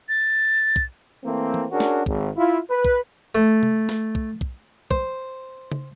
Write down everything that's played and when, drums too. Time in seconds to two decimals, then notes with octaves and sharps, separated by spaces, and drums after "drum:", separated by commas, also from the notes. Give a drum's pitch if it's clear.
0.09 A6
0.76 drum: kick
1.24 E3 A3 A#3 C4
1.54 drum: tom E3
1.71 C#4 D4 F#4 G#4 A#4
1.80 drum: snare
2.06 G#1, drum: kick
2.37 E4 F4
2.69 B4
2.85 drum: kick
3.35 A3
3.63 drum: tom C3
3.89 drum: snare
4.15 drum: kick
4.41 drum: kick
4.91 C5, drum: kick
5.72 drum: tom C#3